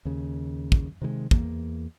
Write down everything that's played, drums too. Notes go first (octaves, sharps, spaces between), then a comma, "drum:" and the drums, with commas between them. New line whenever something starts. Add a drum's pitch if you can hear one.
D#2 C#3
drum: kick
C3 D#3 G3 G#3
E2 A#3, drum: kick